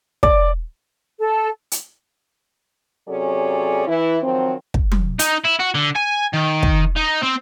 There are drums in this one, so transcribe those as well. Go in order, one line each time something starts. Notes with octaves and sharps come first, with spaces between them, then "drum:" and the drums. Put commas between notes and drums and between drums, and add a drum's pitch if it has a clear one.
D5, drum: kick
A4
drum: hi-hat
C3 F#3 C#4 G#4 A4 D5
E3 E4
D#3 F3 F#3 C4
drum: kick
drum: tom F#3
D#4, drum: hi-hat
E4
F#4
D3
G#5
D#3
drum: kick
D#4
C4